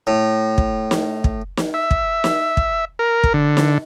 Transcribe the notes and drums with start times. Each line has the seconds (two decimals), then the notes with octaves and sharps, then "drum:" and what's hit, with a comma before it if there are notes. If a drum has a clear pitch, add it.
0.07 A2
0.58 drum: kick
0.91 drum: snare
1.24 drum: kick
1.57 drum: snare
1.74 E5
1.91 drum: kick
2.24 drum: snare
2.57 drum: kick
2.99 A#4
3.24 drum: kick
3.34 D3
3.57 drum: snare